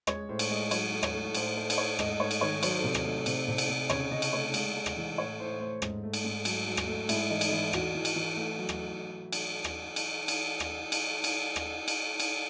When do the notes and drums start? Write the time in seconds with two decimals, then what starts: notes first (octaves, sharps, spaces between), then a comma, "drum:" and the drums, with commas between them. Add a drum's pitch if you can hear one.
0.07 G#3 C#5, drum: rim click
0.29 A2 C5
0.39 drum: cymbal
0.50 G#3 D#5
0.71 F#3 C#5, drum: cymbal
0.92 A3
1.03 C#5, drum: rim click
1.14 A3
1.34 A2 C5, drum: cymbal
1.56 A3 C5
1.70 C5, drum: cymbal
1.77 A3 C#5
1.99 G#2 D#5, drum: rim click
2.20 A3 C#5
2.31 drum: cymbal
2.41 D#3 C#5
2.63 F#3 C#5, drum: cymbal
2.70 C5
2.78 A4
2.84 C3 C5
2.94 drum: rim click
3.05 A3
3.26 C3, drum: cymbal
3.48 C3
3.58 drum: cymbal
3.69 C3
3.90 C#3 C#5, drum: rim click
4.11 C#3 D#5
4.22 drum: cymbal
4.33 A3 C#5
4.54 G#3, drum: cymbal
4.76 G#3
4.86 drum: rim click
4.97 E3
5.18 A2 C#5
5.39 A2 C5
5.60 A3 C5
5.82 G#2, drum: rim click
6.03 A3
6.13 drum: cymbal
6.24 G#2
6.45 F#3, drum: cymbal
6.67 F#3
6.77 drum: rim click
6.87 A3
7.09 G#2 E4, drum: cymbal
7.30 E3 D#4
7.41 drum: cymbal
7.51 E3 E4
7.73 E3 F#4, drum: rim click
7.95 E3
8.05 drum: cymbal
8.16 E3
8.36 A3
8.59 F#3
8.69 drum: rim click
9.32 drum: cymbal
9.64 drum: rim click
9.96 drum: cymbal
10.28 drum: cymbal
10.60 drum: rim click
10.92 drum: cymbal
11.24 drum: cymbal
11.56 drum: rim click
11.88 drum: cymbal
12.20 drum: cymbal